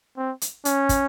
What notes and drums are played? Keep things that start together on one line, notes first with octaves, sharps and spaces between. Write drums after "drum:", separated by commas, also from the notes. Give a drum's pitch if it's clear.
C4
drum: hi-hat
C#4, drum: hi-hat
drum: kick, hi-hat